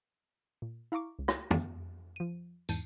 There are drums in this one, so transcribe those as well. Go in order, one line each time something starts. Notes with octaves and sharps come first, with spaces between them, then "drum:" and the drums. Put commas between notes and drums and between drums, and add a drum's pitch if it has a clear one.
A#2
E4 F5 A#5 C#6 D6
C#2
drum: rim click
B3, drum: tom
F3 D#7
E2 G#2 A5 G6 D#7, drum: tambourine